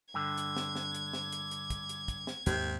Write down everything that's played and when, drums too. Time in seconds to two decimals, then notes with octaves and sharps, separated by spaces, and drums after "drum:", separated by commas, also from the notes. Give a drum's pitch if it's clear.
0.14 G2 D3 G#6
0.38 drum: hi-hat
0.57 drum: snare
0.75 drum: snare
0.94 drum: hi-hat
1.13 drum: snare
1.32 drum: hi-hat
1.51 drum: hi-hat
1.70 drum: kick, hi-hat
1.89 drum: hi-hat
2.08 drum: kick, hi-hat
2.27 drum: snare
2.46 D#2 G#2 C3 C4, drum: hi-hat